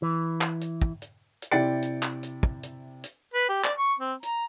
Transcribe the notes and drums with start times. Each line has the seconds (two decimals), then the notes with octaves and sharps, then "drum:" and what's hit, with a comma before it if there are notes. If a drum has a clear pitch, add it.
0.02 E3
0.41 drum: clap
0.61 drum: hi-hat
0.82 drum: kick
1.02 drum: hi-hat
1.42 drum: hi-hat
1.51 C3 E4 D5 G5 A6 C#7
1.82 drum: hi-hat
2.03 drum: clap
2.23 drum: hi-hat
2.43 drum: kick
2.63 drum: hi-hat
3.04 drum: hi-hat
3.34 B4
3.49 G4
3.64 D5, drum: clap
3.78 C#6
3.99 C4
4.23 A#5, drum: hi-hat